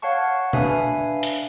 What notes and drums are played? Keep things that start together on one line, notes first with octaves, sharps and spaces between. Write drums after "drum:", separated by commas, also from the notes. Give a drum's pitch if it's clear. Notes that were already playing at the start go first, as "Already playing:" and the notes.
C#5 F5 F#5 A5 C#6
D4 B4 E5 F5 G#5, drum: tom B2
drum: hi-hat